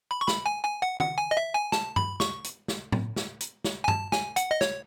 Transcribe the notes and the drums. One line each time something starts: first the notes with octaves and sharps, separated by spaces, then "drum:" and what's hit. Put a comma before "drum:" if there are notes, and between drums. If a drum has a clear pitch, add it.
B5
C#6
B5, drum: snare
G#5
G#5
F#5
F#5, drum: tom D#3
G#5
D#5
E5
G#5
A5, drum: snare
B5, drum: tom G2
C#6, drum: snare
drum: hi-hat
drum: snare
drum: tom A2
drum: snare
drum: hi-hat
drum: snare
G#5
A5, drum: tom G2
G#5, drum: snare
F#5, drum: hi-hat
D#5
C#5, drum: snare